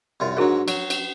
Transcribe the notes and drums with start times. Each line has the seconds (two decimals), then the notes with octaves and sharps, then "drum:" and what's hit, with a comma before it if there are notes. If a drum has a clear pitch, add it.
0.20 C2 F#2 F4
0.37 G#2 F#3 D4 F#4 A#4
0.68 F#3, drum: cymbal
0.90 drum: cymbal